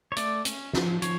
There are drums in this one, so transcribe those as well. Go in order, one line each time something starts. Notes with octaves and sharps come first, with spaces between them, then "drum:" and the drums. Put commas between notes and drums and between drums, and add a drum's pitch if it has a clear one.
C#5
A3 D5, drum: hi-hat
C#4, drum: hi-hat
F3, drum: snare
F3 C#5, drum: hi-hat